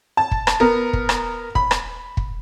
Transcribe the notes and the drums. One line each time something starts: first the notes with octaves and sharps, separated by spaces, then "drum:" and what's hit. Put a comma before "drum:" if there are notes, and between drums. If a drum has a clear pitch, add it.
A5
drum: kick
drum: rim click
B3 A#4
drum: kick
drum: rim click
B5, drum: kick
drum: rim click
drum: kick